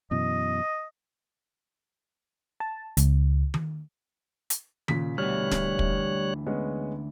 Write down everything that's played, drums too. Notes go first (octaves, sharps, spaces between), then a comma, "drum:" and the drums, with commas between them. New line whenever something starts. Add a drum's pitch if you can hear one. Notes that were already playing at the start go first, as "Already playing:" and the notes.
F#2 B2 E3 D#5
A5
C#2, drum: hi-hat
drum: tom D#3
drum: hi-hat
A#2 C#3 B6, drum: tom D#3
D2 B2 E3 G3 C#5 F6 F#6
drum: snare
drum: kick
G#3 B3 C#4